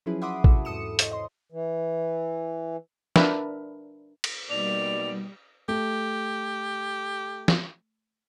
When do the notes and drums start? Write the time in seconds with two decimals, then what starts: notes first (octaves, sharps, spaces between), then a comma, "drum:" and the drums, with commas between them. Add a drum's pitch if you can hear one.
0.06 F3 F#3 C#4 E4 G#4 B4
0.22 E5 F#5 B5 C6 D6 D#6
0.44 C3 E4 F#4 A4, drum: kick A1
0.65 E2 G#2 A4 D#6 C#7 E7
0.99 C5 C#5 D#5, drum: hi-hat
1.11 D#5 C6
1.52 E3
3.16 D4 A#4 B4 E5, drum: snare
4.24 drum: cymbal
4.50 B2 G3 A#3 D#4 D5 F7
5.68 A3 G4
7.48 drum: snare